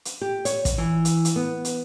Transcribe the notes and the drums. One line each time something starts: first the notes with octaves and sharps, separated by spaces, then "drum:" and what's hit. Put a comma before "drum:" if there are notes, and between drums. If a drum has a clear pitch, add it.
drum: hi-hat
G4
C#5, drum: hi-hat
drum: kick, hi-hat
E3
drum: hi-hat
drum: hi-hat
B3
drum: hi-hat